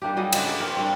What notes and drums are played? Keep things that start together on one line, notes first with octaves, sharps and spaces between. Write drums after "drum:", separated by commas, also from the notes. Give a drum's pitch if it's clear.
G3 A#3 D4 G4
F#3 G3 G#4 D#5
C#3 G#3 D4 B4, drum: cymbal
A4 D5
A#3 C4 A#4
G3 A#3 D4